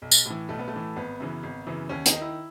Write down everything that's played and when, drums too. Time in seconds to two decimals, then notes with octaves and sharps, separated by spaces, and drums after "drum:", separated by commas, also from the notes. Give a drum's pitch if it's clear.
0.02 B1
0.11 drum: tambourine
0.25 A2 E3
0.49 B1 A3
0.59 B3
0.68 A3
0.73 A2 E3
0.96 G#1 B3
1.20 F#2 C#3 E3
1.43 G#1
1.67 F#2 C#3 E3
1.89 D#2 C#4
2.06 D#4, drum: hi-hat
2.13 D#3
2.21 E4